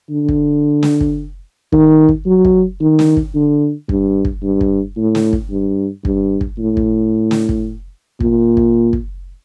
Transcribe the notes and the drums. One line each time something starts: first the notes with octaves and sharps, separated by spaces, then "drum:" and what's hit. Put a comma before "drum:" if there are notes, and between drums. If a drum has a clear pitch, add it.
D3
drum: kick
drum: snare
drum: kick
D#3, drum: kick
drum: kick
F#3
drum: kick
D#3
drum: snare
drum: kick
D3
G2, drum: kick
drum: kick
G2
drum: kick
A2
drum: snare
drum: kick
G2
G2, drum: kick
drum: kick
A2
drum: kick
drum: snare
drum: kick
A#2, drum: kick
drum: kick
drum: kick